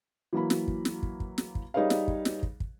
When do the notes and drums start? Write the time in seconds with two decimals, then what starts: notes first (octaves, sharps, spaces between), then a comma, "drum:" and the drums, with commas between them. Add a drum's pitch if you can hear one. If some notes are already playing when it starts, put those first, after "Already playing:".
0.33 E3 F#3 A#3 B5
0.50 drum: snare
0.68 drum: kick
0.85 drum: snare
1.03 drum: kick
1.20 drum: kick
1.38 drum: snare
1.55 drum: kick
1.74 G3 D#4 G#4 B4 C#5 F5
1.90 drum: snare
2.08 drum: kick
2.25 drum: snare
2.43 drum: kick
2.60 drum: kick